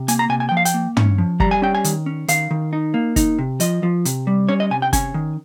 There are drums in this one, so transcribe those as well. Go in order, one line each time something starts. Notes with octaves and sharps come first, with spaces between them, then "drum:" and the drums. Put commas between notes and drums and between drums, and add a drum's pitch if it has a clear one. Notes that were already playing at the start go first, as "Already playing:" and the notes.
Already playing: C3
A#3 G#5, drum: hi-hat
A#5
C3 G#5
G#5
F3 G5
F5
G5, drum: hi-hat
A#3
C#4, drum: tom
F3
G3 A#5, drum: kick
G#5
C#4 G5
G#5
D#3, drum: hi-hat
C#4
D#3 F5, drum: hi-hat
D#3
D#4
A#3
D#4, drum: kick, hi-hat
C3
F3 D#5, drum: hi-hat
F3
C3, drum: hi-hat
G3
C#4 C#5
D#5
C3 G#5
G5
C#4 G#5, drum: kick, hi-hat
D#3